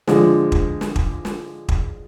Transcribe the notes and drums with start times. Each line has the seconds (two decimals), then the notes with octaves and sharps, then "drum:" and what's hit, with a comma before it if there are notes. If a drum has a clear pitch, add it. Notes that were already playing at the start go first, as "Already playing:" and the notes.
0.07 D3 F3 G#3, drum: snare
0.52 drum: kick
0.81 drum: snare
0.96 drum: kick
1.25 drum: snare
1.69 drum: kick